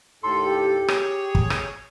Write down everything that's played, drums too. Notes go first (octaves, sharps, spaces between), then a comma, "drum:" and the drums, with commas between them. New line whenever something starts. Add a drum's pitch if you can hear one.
D#2 A2 A4 C6
G4
G#4 C#5, drum: rim click
drum: kick
drum: rim click